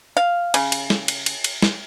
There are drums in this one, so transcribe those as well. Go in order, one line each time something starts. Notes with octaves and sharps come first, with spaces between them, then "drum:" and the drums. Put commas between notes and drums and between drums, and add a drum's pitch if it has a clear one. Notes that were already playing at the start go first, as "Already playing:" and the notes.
F5
C#3, drum: cymbal
drum: cymbal
drum: snare
drum: cymbal
drum: cymbal
drum: cymbal
drum: snare